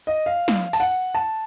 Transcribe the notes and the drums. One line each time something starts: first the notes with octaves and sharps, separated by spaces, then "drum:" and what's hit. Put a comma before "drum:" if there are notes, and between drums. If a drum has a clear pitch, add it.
D#5
F5
drum: snare
A5, drum: open hi-hat
F#5
A5